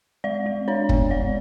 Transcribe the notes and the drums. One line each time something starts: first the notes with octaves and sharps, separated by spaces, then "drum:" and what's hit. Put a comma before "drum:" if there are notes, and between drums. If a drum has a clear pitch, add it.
G#3 D5
G#3
D4 C#5
B3, drum: kick
G#3 D5